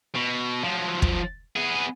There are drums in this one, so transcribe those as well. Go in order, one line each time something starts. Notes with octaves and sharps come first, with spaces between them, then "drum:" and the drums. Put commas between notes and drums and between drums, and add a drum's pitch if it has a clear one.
B2
F3 F#3
drum: kick
B3 G#4